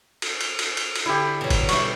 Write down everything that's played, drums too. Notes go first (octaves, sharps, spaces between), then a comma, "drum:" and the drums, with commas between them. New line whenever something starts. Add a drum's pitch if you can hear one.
drum: cymbal
drum: cymbal
drum: cymbal
drum: cymbal
drum: cymbal
D3 E4 G4
B2 F#3
drum: kick G1, cymbal
G3 D4 E4 C#6, drum: cymbal